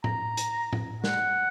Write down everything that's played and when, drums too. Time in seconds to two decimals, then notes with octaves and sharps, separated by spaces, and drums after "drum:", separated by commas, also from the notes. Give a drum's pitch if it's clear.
0.04 A#5, drum: tom A2
0.37 drum: hi-hat
0.73 drum: tom A2
1.04 F#5, drum: snare